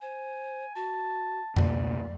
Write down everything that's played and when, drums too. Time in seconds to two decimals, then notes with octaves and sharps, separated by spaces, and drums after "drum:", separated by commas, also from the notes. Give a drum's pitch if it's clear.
0.02 C5 G#5
0.75 F#4 A5
1.56 C#2 B2 A#3 D5, drum: tom F2